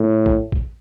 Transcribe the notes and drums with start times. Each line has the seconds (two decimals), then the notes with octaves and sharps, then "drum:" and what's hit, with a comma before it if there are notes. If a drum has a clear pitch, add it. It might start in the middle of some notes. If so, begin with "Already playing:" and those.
Already playing: A2
0.26 drum: kick A#1
0.52 drum: kick A#1